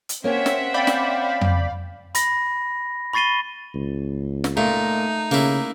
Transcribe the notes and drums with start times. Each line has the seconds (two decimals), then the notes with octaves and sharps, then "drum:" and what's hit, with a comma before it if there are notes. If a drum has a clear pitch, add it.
0.09 drum: hi-hat
0.24 A#3 C4 C#4 G4 C#5 E5 F#5
0.46 drum: snare
0.74 D5 F5 G5 B5
0.87 drum: snare
1.41 drum: tom F2
2.15 B5 A#6, drum: hi-hat
3.14 B5 C#6 A6 C7 D#7 G7
3.75 C#2
4.44 drum: snare
4.57 A#2 A3 D#4
5.31 C#3 A#3 E4